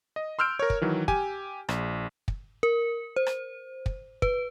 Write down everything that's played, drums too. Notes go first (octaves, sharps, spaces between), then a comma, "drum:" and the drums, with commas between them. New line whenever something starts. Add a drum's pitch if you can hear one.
D#5
C6 E6 F6 G6 D7
A#4 C#5
drum: kick
D#3 E3 F#3
G4 G#5, drum: kick
A#1, drum: rim click
drum: kick
A#4
C5
drum: rim click
drum: kick
B4, drum: kick